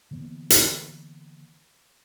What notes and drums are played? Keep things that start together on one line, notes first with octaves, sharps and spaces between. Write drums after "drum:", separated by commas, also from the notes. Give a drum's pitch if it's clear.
D3 E3 A#3 B3
drum: hi-hat